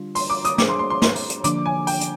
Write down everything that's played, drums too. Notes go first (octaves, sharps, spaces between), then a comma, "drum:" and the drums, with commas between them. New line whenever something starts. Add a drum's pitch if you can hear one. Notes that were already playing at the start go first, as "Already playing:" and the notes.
Already playing: D3 G3 D4 F4
C6, drum: open hi-hat
D6
D#6, drum: hi-hat
G3 A#3 D4 G#4 C5 D6, drum: snare
C6
C6
C6
C6, drum: snare
drum: open hi-hat
drum: hi-hat
D3 F3 A#3 D4 D6, drum: hi-hat
G#5
G5, drum: open hi-hat
drum: hi-hat